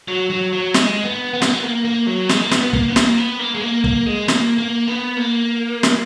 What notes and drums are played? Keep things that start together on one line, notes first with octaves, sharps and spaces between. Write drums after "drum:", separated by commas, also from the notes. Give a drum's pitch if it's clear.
F#3
F#3
F#3
G#3, drum: snare
B3
B3
A#3, drum: snare
B3
A#3
A#3
F#3
G#3, drum: snare
A#3
B3, drum: snare
B3
A#3, drum: kick
B3
A#3, drum: snare
B3
A#3
G#3
A#3
A#3, drum: kick
G#3
A#3, drum: snare
A#3
B3
A#3
drum: snare